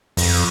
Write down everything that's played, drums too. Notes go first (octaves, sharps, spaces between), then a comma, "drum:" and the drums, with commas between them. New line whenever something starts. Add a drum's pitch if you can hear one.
F2, drum: open hi-hat